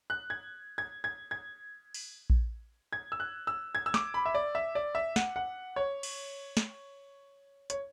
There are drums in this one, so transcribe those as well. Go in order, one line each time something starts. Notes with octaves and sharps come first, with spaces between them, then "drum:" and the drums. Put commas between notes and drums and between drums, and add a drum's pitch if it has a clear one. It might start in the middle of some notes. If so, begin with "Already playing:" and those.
F#6
G#6
G#6
G#6
G#6
drum: open hi-hat
drum: kick A#1
G#6
E6
F#6
E6
G#6
E6
D6, drum: snare
B5
E5
D5
E5
D5
E5
F#5, drum: snare
F#5
C#5
drum: cymbal
drum: snare
C#5, drum: hi-hat